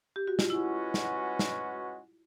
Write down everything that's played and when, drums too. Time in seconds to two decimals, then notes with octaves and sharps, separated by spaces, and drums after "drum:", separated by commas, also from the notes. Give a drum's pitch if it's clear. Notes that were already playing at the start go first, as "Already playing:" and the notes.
0.16 G4
0.27 F#4
0.39 F4, drum: snare
0.50 G#3 C#4 E4 F#4 B4
0.94 drum: snare
1.39 drum: snare